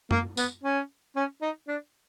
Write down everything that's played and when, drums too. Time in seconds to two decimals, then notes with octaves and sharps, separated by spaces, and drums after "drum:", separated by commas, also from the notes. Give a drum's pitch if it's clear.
0.11 A#3, drum: tom F#2
0.37 B3, drum: tambourine
0.63 C#4
1.16 C#4
1.42 D#4
1.68 D4